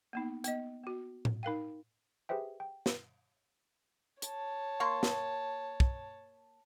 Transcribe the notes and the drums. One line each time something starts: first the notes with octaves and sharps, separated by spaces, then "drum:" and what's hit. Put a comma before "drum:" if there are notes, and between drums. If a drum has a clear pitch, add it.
A#3 B3 D#4
B3 D#5, drum: hi-hat
B3 F#4
drum: tom A2
D#4 A#4 F5 G5
G4 G#4 B4 C5 E5 G5
G5
drum: snare
C#5 A5, drum: hi-hat
A#3 C6 C#6
drum: snare
drum: kick